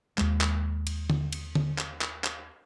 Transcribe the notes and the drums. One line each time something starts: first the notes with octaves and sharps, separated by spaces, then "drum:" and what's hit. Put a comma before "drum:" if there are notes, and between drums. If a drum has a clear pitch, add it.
D#2 G#3, drum: clap
drum: clap
drum: cymbal
drum: tom D3
drum: cymbal
drum: tom D3
drum: clap
drum: clap
drum: clap